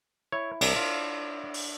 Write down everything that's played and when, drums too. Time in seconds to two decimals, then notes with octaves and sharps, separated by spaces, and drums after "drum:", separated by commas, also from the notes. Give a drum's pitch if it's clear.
0.32 E4 C#5
0.61 C2 D4, drum: cymbal
0.76 F4
1.54 drum: open hi-hat